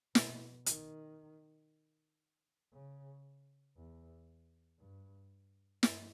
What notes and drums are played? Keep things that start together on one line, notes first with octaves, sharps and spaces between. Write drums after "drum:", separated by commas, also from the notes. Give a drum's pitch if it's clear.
B2, drum: snare
D#3, drum: hi-hat
C#3
E2
G2
G2, drum: snare